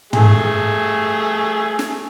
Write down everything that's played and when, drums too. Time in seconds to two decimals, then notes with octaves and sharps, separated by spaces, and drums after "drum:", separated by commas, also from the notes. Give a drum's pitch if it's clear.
0.13 A3 G#4, drum: tom
1.79 drum: snare